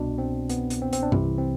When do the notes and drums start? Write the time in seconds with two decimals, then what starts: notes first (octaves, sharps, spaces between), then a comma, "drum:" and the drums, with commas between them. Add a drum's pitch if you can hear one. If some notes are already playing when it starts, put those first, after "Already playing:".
Already playing: C2 B2 D4
0.18 C4
0.50 B3, drum: hi-hat
0.70 drum: hi-hat
0.81 C4
0.93 C4, drum: hi-hat
1.03 D4
1.12 C2 C3 E3 E4, drum: tom G2
1.38 C4